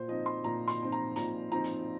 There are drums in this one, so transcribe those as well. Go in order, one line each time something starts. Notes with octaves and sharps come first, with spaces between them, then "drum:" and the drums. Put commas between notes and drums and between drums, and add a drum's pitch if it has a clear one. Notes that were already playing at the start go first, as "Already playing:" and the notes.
Already playing: A#2 C5
F3 C4 D#4 D#5
C6
A#2 A#5
C6, drum: hi-hat
F3 C4 D#4
A#5
A#2 A#5, drum: hi-hat
F3 C4 D#4 A#5
drum: hi-hat